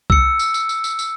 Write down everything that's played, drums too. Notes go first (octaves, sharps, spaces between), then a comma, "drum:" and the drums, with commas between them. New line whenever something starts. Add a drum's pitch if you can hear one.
E6 C#7, drum: kick B1
drum: tambourine
drum: tambourine
drum: tambourine
drum: tambourine
drum: tambourine